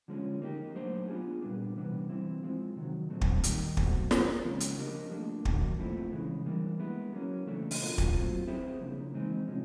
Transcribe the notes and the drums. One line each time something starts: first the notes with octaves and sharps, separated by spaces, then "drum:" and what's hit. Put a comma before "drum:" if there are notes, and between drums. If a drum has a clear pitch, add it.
D3 F3 G#3 C#4
A#3 D#4 G4
F#3 A3 D4 G4 C5
B3 D4 F4 G#4
A#2 G3 B3 D4
C3 E3 G3 B3 D4
E3 G3 C4 E4
F3 G#3 C4
C3 D#3 F#3
A#2 F#3 A3 C4
drum: kick
D#3 G3 A#3 D#4 G4, drum: hi-hat
B2 F#3 A3 C4, drum: kick
C4 F4 A#4, drum: snare
C#3 F3 G#3 C#4
drum: hi-hat
A#3 D4 G4 A#4 D#5
F3 A3 D4
D#3 F#3 A#3, drum: kick
A2 F3 A3 C4 E4
C#3 E3 G#3
E3 G3 A#3 D4
G#3 B3 E4
F#3 A#3 C#4
C#3 E3 A3 D4
drum: open hi-hat
B2 F#3 A#3 D4 F4
drum: kick
F#3 A3 C4 F4
C4 E4 G#4 C5 E5
C#3 F3 A#3 D4
E3 G#3 C4 D#4
C3 F3 G#3 C#4